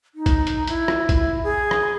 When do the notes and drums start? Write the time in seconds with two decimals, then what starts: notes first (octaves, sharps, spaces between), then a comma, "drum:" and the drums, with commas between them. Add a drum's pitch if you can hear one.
0.15 D#4
0.26 drum: kick A#1, hi-hat
0.47 drum: hi-hat
0.67 E4, drum: hi-hat
0.88 drum: rim click
1.09 drum: kick A#1, hi-hat
1.43 G#4
1.71 drum: rim click